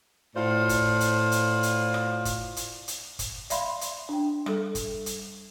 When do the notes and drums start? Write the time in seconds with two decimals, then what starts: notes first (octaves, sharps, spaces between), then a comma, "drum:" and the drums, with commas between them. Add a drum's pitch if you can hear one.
0.34 A2 F4 C5 D5
0.69 drum: kick, hi-hat
1.00 drum: hi-hat
1.32 drum: hi-hat
1.63 drum: hi-hat
1.94 drum: rim click
2.25 drum: kick, hi-hat
2.56 drum: hi-hat
2.88 drum: hi-hat
3.19 drum: kick, hi-hat
3.50 D5 E5 F5 B5 C6, drum: hi-hat
3.81 drum: hi-hat
4.09 D4 G5
4.46 G3 A4, drum: rim click
4.75 drum: kick, hi-hat
5.06 drum: hi-hat